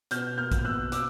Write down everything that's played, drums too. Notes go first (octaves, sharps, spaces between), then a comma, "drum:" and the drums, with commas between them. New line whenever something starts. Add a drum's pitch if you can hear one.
B2 F6 G6, drum: hi-hat
A#3 F6 G6
drum: kick, hi-hat
B2 E6 F#6
D6 E6, drum: hi-hat